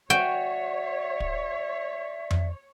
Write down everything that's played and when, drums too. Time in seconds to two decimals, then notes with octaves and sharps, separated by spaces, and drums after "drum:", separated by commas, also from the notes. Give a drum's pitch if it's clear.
0.10 F#4 C#5 D5 E5 G5
1.20 drum: kick
2.31 drum: tom F2